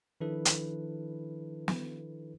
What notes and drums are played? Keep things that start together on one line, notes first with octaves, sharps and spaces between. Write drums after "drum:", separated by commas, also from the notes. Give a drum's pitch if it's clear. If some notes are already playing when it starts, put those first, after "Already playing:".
D#3 F3 D4 E4 A4 B4
drum: hi-hat
drum: snare